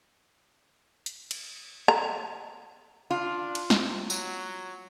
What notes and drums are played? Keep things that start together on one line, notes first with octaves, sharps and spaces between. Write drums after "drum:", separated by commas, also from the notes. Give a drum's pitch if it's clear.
drum: hi-hat
drum: cymbal
A#5, drum: rim click
D4 F4
drum: cymbal
C3, drum: snare
F#3, drum: tambourine